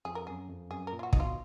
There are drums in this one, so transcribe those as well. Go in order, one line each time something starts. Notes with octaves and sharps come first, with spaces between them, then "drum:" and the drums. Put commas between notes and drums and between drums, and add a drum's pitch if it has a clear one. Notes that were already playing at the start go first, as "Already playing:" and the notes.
F2 G#4
A#4
F#2 G#4
F2
F#2 G#4
A#4
A#2
F4
F#4
B2 D#4, drum: kick
F4